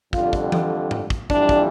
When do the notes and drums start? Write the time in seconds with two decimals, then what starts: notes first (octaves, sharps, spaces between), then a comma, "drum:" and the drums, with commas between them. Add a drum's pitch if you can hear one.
0.13 F2 D3 G3 F4, drum: kick
0.33 drum: kick
0.52 drum: tom E3
0.91 drum: tom G#2
1.10 drum: kick
1.30 F2 E3 G3 D4, drum: kick
1.49 drum: kick